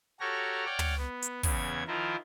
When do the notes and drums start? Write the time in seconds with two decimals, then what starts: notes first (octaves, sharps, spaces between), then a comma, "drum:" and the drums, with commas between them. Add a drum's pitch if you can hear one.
0.20 F#4 G4 A4 C#5 A#5 F6
0.66 C#5 D5 F#5 G5 D6 F6
0.79 drum: tom
0.98 B3
1.22 drum: hi-hat
1.43 E2 C#3 B3 G#6, drum: kick, open hi-hat
1.88 D#3 F3 E4 F4 A#4